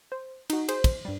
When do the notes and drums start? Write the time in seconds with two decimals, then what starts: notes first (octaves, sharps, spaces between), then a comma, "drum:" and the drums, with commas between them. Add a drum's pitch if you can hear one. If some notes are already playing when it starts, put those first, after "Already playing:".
0.12 C5
0.50 D#4 F#4, drum: cymbal
0.69 G#4 C5, drum: cymbal
0.84 drum: kick, cymbal
1.05 G2 G3